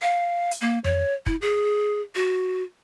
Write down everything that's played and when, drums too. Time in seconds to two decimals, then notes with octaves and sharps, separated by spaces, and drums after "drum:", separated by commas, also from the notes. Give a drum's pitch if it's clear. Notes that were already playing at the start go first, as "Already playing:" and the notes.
0.02 F5
0.51 drum: hi-hat
0.61 A#3
0.84 C#5, drum: tom F2
1.26 E4, drum: kick
1.42 G#4
2.15 F#4